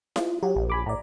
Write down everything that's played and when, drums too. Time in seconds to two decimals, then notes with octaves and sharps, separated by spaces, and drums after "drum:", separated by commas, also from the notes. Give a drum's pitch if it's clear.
0.16 F4, drum: snare E4
0.43 F#3 G4
0.56 A#1
0.70 G#5 B5 D6
0.86 A2 D5 A#5